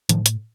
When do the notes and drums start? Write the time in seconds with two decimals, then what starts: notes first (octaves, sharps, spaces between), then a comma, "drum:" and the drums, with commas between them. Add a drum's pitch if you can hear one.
0.09 A2 D#3 F3, drum: hi-hat
0.26 drum: hi-hat